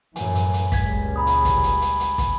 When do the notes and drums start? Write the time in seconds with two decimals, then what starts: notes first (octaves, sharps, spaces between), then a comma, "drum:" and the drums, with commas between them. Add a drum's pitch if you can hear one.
0.16 F#2 A2 E3 G#5, drum: hi-hat
0.35 drum: hi-hat
0.54 drum: hi-hat
0.72 C#2 A#2 G3 G#6 B6, drum: kick, hi-hat
1.16 A#5 B5 D#6
1.27 drum: hi-hat
1.45 drum: kick, hi-hat
1.63 drum: hi-hat
1.82 drum: hi-hat
2.00 drum: hi-hat
2.18 drum: kick, hi-hat